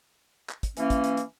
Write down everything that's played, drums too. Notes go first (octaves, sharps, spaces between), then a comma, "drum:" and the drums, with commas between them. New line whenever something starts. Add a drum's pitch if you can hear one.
drum: clap
drum: kick, hi-hat
E3 A#3 C#4, drum: hi-hat
drum: kick, hi-hat
drum: hi-hat
drum: hi-hat